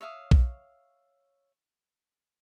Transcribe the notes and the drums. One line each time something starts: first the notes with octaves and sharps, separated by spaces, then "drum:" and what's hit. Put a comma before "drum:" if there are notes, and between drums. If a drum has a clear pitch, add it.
C#5 E5 F5 D#6
drum: kick B1